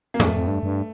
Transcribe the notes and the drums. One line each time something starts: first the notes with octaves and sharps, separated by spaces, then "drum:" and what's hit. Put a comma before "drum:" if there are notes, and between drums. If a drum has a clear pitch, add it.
A#3
F2 A3, drum: tom
F2
G2
G2